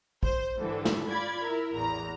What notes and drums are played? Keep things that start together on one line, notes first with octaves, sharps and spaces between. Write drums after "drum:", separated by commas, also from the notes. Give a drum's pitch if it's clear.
C5, drum: kick
G#2 D3 E3 G3 A4
drum: snare
F4 D5 B5 G#6
E4 A#4
A1 E2 A#5